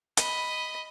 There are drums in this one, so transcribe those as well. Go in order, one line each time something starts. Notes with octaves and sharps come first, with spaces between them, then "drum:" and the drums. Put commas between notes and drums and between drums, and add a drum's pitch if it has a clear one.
D#5 B5, drum: hi-hat